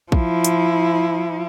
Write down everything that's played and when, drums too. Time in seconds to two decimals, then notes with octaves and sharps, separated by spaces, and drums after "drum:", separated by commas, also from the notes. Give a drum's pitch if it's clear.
0.12 F3 E4, drum: kick
0.45 drum: hi-hat